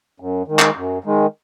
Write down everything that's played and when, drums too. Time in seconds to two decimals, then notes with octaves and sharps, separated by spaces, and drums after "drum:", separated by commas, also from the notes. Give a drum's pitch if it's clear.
0.20 F#2
0.48 D#3 G#3
0.59 drum: clap
0.76 F#2
1.04 D#3 G#3